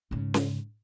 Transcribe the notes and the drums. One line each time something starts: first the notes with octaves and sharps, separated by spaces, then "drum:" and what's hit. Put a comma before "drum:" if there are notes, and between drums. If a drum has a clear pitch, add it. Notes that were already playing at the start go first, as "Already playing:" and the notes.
G#2 C#3
drum: snare C#4